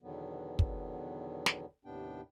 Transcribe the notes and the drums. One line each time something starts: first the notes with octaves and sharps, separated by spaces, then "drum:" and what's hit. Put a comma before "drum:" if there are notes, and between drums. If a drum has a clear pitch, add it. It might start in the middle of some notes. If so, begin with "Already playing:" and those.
E2 B2 D3 D#3 F#3 B3
drum: kick
drum: snare
D#2 A2 C3 B3 D4 G5